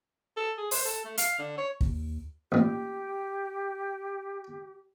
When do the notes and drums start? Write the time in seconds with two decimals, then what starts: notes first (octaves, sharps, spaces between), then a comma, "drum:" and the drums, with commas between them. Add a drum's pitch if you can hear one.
0.37 A4
0.57 G#4
0.71 C5, drum: open hi-hat
0.85 A4
1.04 A3
1.18 F5, drum: hi-hat
1.39 D3
1.58 C#5
1.81 D#2, drum: kick
2.52 A1 A#2 G4